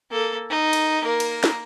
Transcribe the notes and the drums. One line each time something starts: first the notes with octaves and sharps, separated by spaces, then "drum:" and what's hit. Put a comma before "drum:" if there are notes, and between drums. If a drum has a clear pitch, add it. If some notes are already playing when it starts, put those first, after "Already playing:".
A#3 A4
D#4
drum: cymbal
A#3 A#4
drum: cymbal
drum: snare